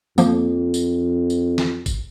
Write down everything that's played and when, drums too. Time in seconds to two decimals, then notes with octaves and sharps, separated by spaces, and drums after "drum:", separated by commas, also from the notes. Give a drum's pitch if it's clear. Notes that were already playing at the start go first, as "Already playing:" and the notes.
0.18 F2 F3 A#3, drum: tambourine
0.74 drum: tambourine
1.30 drum: tambourine
1.58 drum: snare
1.86 drum: kick, tambourine